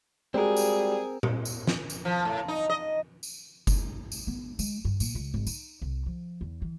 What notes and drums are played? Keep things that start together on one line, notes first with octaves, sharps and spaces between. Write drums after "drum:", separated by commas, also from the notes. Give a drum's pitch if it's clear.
G3 G#3 C4 F#4 G#4 A#4
drum: tambourine
drum: tom A#2
drum: tambourine
drum: snare
drum: tambourine
F3
A2
D#4
D#5
drum: tambourine
drum: kick F#1, tambourine
drum: tambourine
B3
G#3, drum: tambourine
G2
A#2, drum: tambourine
C#2
G#1
D#4, drum: tambourine
C2
F3
E2
E3